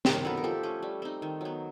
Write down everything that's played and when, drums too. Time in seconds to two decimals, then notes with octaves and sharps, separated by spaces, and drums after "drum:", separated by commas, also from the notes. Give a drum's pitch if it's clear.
0.05 D#3 A#4 C5, drum: snare
0.25 F#3 B3 A4 B4
0.37 A#4
0.44 F3 G4 A4
0.63 A3 C#4
0.83 G3
1.02 C4 D#4
1.22 D#3
1.41 F#3 B3